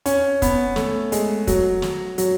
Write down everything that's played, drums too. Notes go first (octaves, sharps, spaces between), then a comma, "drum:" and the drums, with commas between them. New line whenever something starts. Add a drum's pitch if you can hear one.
C#4, drum: hi-hat
B3, drum: kick, hi-hat
A3, drum: snare
G#3, drum: hi-hat
F#3, drum: kick, hi-hat
drum: snare
F#3, drum: hi-hat